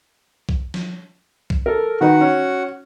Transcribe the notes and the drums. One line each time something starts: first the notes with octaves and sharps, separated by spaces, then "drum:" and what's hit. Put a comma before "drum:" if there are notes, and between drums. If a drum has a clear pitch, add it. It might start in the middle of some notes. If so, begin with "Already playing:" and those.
drum: kick
drum: snare F3
drum: kick
A4 A#4
D#3 D#4 F#4 B4 F#5
C#4